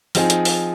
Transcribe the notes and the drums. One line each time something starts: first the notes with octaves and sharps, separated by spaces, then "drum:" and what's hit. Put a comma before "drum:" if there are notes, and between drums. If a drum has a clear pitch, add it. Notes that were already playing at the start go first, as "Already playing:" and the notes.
F3 C4 D#4 G#4, drum: open hi-hat
drum: hi-hat
drum: open hi-hat